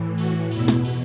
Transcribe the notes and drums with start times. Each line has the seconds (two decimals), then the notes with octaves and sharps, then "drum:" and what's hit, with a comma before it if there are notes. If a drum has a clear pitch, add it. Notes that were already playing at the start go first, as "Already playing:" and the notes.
Already playing: A2 E3
0.18 F#4, drum: cymbal
0.51 E2 B2 E4, drum: cymbal
0.68 drum: snare
0.85 drum: cymbal